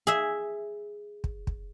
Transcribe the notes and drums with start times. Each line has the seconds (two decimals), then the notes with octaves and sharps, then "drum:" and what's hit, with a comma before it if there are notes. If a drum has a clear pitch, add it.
0.07 G#4 E5
1.24 drum: kick
1.47 drum: kick